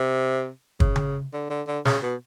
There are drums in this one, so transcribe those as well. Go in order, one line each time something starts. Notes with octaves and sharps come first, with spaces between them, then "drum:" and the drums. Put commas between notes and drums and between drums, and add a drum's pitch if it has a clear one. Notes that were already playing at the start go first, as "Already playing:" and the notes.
Already playing: C3
C#3, drum: kick
drum: tom C#3
D3
D3
D3
C#3, drum: snare
B2